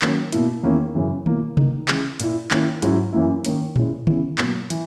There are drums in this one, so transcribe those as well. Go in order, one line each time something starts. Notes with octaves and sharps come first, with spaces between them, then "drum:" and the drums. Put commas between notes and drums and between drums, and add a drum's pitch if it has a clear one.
D#3 F#3 A#3 C#4, drum: clap
B2 A#3 E4, drum: hi-hat
E2 D#3 A#3 C#4 E4
F#2 C#3 E3
B2 A#3 E4, drum: tom D#3
D#3 A#3 D#4, drum: tom C3
C#3 E3 G#3, drum: clap
A#2 A#3 E4, drum: hi-hat
D#3 A#3 C#4 E4, drum: clap
G#2 F#3 C#4 E4, drum: hi-hat
F#2 E3 A#3 E4
D#3 A#3 C#4, drum: hi-hat
A#2 G#3 C#4 E4, drum: tom A2
C#3 E3 B3 E4, drum: tom
B2 F#3 A#3, drum: clap
E3, drum: hi-hat